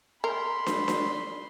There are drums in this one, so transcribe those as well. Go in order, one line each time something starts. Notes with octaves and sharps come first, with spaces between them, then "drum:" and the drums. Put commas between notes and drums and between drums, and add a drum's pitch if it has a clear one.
A#4 B5 C6
drum: snare
drum: snare